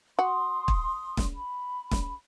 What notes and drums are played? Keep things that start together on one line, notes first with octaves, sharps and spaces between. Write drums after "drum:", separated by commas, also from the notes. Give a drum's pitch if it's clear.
F#4 C6 D#6
drum: kick
drum: snare
B5
drum: snare